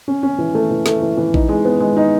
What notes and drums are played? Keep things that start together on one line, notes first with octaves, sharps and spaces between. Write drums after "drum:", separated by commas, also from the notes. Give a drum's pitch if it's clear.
C#4
C#4
E3
A3
E3
A3, drum: snare
E3
E3
D#4, drum: kick A#1
G#3
B3
G#3
D#4